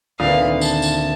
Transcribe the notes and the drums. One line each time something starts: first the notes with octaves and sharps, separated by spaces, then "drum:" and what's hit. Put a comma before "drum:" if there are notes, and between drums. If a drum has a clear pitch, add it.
D2 A#2 D#3 C4 B4 F5 D#6
A5, drum: tambourine
drum: tambourine